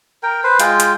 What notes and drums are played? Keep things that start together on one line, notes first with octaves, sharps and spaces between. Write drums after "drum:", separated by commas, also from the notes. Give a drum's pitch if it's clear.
A#4 G5
B4 C5
G#3 F4 G5, drum: hi-hat
drum: hi-hat